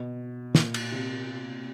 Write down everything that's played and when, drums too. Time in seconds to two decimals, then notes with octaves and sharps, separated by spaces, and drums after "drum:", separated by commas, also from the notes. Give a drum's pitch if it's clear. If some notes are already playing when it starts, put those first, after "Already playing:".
Already playing: B2
0.55 A#2, drum: snare
0.74 drum: cymbal
0.92 C3